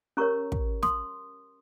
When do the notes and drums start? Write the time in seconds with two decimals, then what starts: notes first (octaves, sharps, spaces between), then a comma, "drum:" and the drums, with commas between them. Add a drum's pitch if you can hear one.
0.17 C#4 G4 A#4 C#5 A#5 C#6
0.52 drum: kick
0.83 C6 D#6, drum: snare